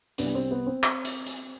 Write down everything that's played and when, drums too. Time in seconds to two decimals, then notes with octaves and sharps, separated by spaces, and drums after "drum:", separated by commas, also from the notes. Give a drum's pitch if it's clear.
0.18 C2 C3 G3 B3 D4, drum: hi-hat
0.35 C4
0.51 B3
0.67 C4
0.83 drum: clap
1.05 drum: hi-hat
1.26 drum: hi-hat